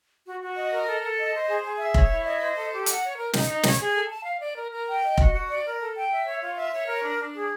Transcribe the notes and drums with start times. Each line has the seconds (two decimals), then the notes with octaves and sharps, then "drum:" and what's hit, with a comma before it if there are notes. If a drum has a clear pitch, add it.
0.25 F#4
0.41 F#4
0.56 D#5
0.71 A#4
0.86 A4
1.02 A4
1.18 D#5
1.33 C5
1.48 G#4
1.63 G#4
1.79 E5
1.94 C#5, drum: kick F1
2.10 E4
2.26 D#5
2.40 C5
2.56 A4
2.72 G4
2.86 F#5, drum: hi-hat
3.02 C#5
3.17 A#4
3.33 D#4, drum: snare
3.49 D#4
3.63 C#5, drum: snare
3.79 G#4
3.94 A4
4.10 A5
4.25 F5
4.40 D5
4.56 A#4
4.71 A#4
4.87 G5
5.02 D#5
5.18 F#4, drum: kick F1
5.34 F#4
5.49 D5
5.64 A#4
5.80 A4
5.95 G5
6.10 E5
6.25 C#5
6.41 F4
6.56 E5
6.72 C#5
6.87 A#4
7.03 D4
7.19 D4
7.34 G#4